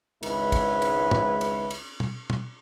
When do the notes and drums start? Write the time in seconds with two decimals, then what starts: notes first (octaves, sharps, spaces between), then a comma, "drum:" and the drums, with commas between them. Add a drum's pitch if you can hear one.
0.23 G#1 C#2 G#2 G#3 E4 B4, drum: cymbal
0.52 drum: kick, cymbal
0.82 drum: cymbal
1.11 drum: tom
1.41 drum: cymbal
1.71 drum: cymbal
2.00 drum: tom
2.30 drum: tom